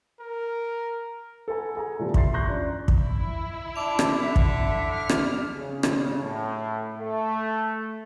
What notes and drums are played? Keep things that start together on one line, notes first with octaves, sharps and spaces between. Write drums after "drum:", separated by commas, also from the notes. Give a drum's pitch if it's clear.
A#4
A4 B4 F#5 G#5 A#5
G#4 G#5 A#5
A2 D3 F3 G3 B3
E5 C6 A6 C7, drum: kick
A#5 C6 C#6 F#6 G6 A#6
C#4 D4 F4 D5
drum: kick
E4
D4 D6 F7
drum: rim click
D3 E5
drum: kick
F6
drum: rim click
C#3
drum: rim click
A2
A3